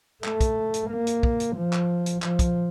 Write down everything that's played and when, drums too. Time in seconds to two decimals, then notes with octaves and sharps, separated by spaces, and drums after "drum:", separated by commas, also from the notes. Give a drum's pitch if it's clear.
0.24 A3, drum: clap
0.41 drum: kick, hi-hat
0.74 drum: hi-hat
0.90 A#3
1.07 drum: hi-hat
1.23 drum: kick
1.40 drum: hi-hat
1.56 F3
1.73 drum: clap
2.06 drum: hi-hat
2.22 F3, drum: clap
2.39 drum: kick, hi-hat